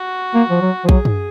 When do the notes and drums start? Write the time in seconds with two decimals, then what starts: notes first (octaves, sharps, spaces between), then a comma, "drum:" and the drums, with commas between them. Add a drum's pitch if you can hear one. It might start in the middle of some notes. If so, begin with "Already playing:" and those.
Already playing: F#4
0.34 A#3
0.50 F3
0.62 F#3
0.84 F3
0.89 F#3 G#4, drum: kick A#1
1.05 drum: tom